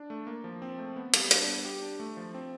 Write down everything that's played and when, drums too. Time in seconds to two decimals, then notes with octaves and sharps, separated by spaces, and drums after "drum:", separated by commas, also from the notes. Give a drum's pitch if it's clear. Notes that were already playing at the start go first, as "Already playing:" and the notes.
Already playing: D4
0.10 A3
0.27 A#3
0.44 F3
0.62 C4
0.78 A3
0.96 B3
1.14 G3, drum: hi-hat
1.31 D4, drum: hi-hat
1.47 B3
1.65 G4
1.82 D4
2.00 A3
2.17 F3
2.34 C4